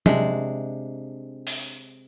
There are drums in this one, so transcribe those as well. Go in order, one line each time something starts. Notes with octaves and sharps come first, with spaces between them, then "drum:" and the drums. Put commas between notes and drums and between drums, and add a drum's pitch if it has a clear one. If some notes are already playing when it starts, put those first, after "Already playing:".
C3 G#3 D4, drum: tom
drum: open hi-hat